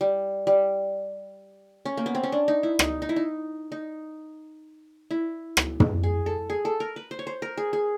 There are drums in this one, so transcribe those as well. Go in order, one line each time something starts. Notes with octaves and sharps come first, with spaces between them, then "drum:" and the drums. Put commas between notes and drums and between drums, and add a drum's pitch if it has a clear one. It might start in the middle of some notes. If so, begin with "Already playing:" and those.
G3
G3
C#4
A#3
B3
C4
C#4
D4
D#4
E4
D#4, drum: rim click
D#4
E4
D#4
D#4
E4
drum: rim click
drum: tom
G#4
A4
G#4
A4
A#4
B4
C5
C#5
C5
A#4
G#4
G#4